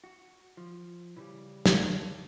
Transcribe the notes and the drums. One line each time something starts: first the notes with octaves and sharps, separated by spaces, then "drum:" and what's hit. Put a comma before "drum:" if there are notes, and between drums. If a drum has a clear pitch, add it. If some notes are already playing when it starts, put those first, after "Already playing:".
F#4
F3
C#3 E3 G3
D3 A3, drum: snare
C#3